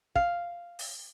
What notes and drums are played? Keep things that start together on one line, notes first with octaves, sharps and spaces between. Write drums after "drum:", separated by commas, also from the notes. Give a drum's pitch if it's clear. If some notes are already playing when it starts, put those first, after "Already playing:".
F5, drum: kick
drum: open hi-hat